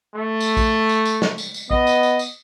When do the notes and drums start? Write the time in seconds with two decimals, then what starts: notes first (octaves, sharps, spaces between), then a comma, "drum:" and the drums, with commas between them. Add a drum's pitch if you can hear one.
0.14 A3
0.40 drum: tambourine
0.57 drum: kick, tambourine
0.89 drum: tambourine
1.06 drum: tambourine
1.22 drum: snare
1.38 drum: tambourine
1.54 drum: tambourine
1.71 B3 D#5, drum: kick
1.87 drum: tambourine
2.03 drum: tambourine
2.19 drum: tambourine